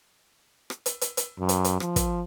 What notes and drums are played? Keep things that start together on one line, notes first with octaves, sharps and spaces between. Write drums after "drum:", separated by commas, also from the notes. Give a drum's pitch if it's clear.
drum: rim click
drum: hi-hat
drum: hi-hat
drum: hi-hat
F#2
drum: hi-hat
drum: hi-hat
F3, drum: rim click
drum: kick, hi-hat